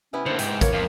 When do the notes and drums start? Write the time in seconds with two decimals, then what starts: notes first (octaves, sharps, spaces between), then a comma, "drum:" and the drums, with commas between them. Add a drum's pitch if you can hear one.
0.13 C3 B3 C#4 E4
0.26 D3 A#3 C5 F#5
0.39 G#2 G5, drum: hi-hat
0.61 A#3 C#5, drum: kick, hi-hat
0.73 F2 F5